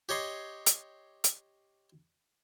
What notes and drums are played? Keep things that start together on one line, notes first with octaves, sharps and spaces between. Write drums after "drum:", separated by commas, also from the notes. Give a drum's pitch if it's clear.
G4 C#5 D#5 C6
drum: hi-hat
drum: hi-hat